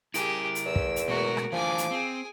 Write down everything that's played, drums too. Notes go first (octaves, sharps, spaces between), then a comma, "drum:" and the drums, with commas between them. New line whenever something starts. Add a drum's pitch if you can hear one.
E4 G4 G#4 A#4 D7, drum: hi-hat
drum: hi-hat
E2 E6
drum: kick
drum: hi-hat
B2 G#3 A3 F#4 A#4
drum: rim click
E3 F3 A3 D4 G#5 D6
drum: hi-hat
C4 G#4